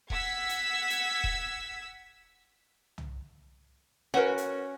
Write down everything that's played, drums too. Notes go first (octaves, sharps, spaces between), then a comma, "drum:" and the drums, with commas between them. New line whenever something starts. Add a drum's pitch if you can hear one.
F#5 E6 G#6 B6, drum: kick D#1
drum: hi-hat
drum: hi-hat
drum: kick D#1
drum: tom
C#4 F#4 A#4 B4 F#5
drum: hi-hat